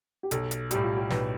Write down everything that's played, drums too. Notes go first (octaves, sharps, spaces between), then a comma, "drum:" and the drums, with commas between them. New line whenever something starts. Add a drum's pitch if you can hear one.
G4
B1 A4, drum: hi-hat
drum: hi-hat
A2 G3 G4, drum: hi-hat
F4
G4
B1 B4, drum: snare